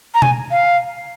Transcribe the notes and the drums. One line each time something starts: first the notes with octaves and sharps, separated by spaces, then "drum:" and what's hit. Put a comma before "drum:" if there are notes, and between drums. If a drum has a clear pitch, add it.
A#5
G#5, drum: tom B2
F5